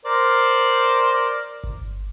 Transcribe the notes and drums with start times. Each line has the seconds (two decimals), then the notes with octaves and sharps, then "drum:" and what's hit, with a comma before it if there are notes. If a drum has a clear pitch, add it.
0.05 A#4 C5 D5
0.29 drum: hi-hat
1.64 drum: kick G1